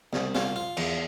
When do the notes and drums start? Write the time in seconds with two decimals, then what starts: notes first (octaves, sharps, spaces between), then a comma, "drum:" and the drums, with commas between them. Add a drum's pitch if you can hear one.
0.13 C2, drum: snare
0.35 F4, drum: snare
0.56 F4
0.77 E2, drum: cymbal